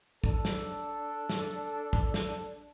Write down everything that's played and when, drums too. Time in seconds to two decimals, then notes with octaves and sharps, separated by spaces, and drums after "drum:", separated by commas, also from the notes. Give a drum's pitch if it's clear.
0.24 D4 A4, drum: kick
0.45 drum: snare
1.29 drum: snare
1.93 drum: kick
2.14 drum: snare